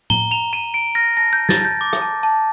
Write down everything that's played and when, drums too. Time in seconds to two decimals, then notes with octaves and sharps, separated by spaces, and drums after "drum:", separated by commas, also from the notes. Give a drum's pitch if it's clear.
0.10 A#5 G7, drum: tom A2
0.31 A#5 F7
0.53 A#5 D#7
0.74 A#5 D7
0.95 F6 A#6
1.17 A5 A#6
1.33 G6
1.38 A5
1.49 A6, drum: snare
1.59 A5
1.65 G6
1.81 D6
1.93 drum: rim click
2.02 A5
2.23 A5